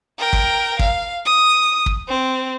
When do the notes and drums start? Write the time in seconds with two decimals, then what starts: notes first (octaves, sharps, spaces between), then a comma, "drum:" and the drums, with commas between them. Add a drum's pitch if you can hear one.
0.19 A#4 G5
0.33 drum: kick
0.79 F5, drum: kick
1.25 D#6
1.86 drum: kick
2.08 C4